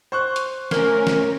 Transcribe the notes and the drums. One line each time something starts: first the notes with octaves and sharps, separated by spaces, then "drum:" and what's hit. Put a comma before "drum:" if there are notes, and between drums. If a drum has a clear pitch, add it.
C5 C#6 F#6
drum: hi-hat
A3 A#3 C#4 A#4, drum: snare
drum: snare